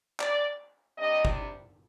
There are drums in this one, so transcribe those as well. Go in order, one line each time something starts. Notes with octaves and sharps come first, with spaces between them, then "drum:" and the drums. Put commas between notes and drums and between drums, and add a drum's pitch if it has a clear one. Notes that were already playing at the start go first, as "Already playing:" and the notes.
D5, drum: clap
C3 G3 D4 D#5
drum: kick G1